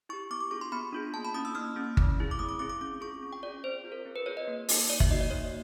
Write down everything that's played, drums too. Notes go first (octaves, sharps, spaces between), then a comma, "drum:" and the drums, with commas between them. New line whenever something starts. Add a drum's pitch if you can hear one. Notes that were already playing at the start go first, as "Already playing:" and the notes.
E4 G4 C#6
B3 D6
D6
D4 F4 G#4 C#6
C6
B3 B5
D4 F4 G#4
A#3 A5
B5
C#4 E4 D#6
E6
A#3 F6
C#4 E4
A3, drum: kick G1
C4 E4 G#4
D6
A3 D#6
D6
C4 E4 G#4 D6
D6
C#4 D6
F4 G#4 C#6
C#4
G5
F4 G#4 D5
C4 C5
F4 G#4
A#4
C4
B4
F4 G#4 C#5
D#5
A#3
D#4 F#4, drum: open hi-hat
A#3 D5
E5, drum: kick G1
D#4 F#4 D#5
D5
A#3 C#5